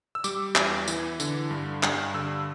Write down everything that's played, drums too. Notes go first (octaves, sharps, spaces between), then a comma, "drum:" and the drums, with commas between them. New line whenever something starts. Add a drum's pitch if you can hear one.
E6
G3 D6, drum: tambourine
E2, drum: clap
E3, drum: tambourine
D3, drum: tambourine
G2
G2, drum: clap
D3 E6